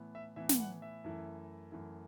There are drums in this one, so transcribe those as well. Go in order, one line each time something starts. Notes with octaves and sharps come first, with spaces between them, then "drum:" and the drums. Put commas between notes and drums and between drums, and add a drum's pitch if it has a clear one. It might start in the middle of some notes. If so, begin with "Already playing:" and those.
Already playing: A2 E3 B3 E4
E5
A2 E3 B3 E4 E5
drum: snare
F#5
E5
F#2 E3 A3 E4
F#2 E3 A3 E4